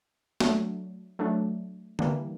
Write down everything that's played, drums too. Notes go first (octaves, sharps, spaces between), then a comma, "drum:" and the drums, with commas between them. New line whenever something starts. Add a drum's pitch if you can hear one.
F#3 A3 D4, drum: snare
F#3 A3 D4
E3 G3 A#3 D4, drum: tom D3